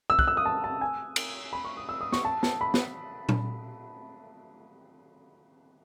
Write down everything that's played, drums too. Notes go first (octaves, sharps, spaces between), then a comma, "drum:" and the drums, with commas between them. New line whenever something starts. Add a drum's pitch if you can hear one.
E6
F#6, drum: kick
E6
D#6
A5
A5
G#5
drum: cymbal
B5
C#6
D#6
E6
D#6
C#6, drum: snare
A5
A5, drum: snare
B5
drum: snare
drum: tom A#2